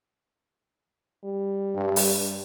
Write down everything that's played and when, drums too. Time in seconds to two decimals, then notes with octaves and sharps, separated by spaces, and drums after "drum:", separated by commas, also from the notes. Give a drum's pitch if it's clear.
1.25 G3
1.75 G2
1.96 drum: open hi-hat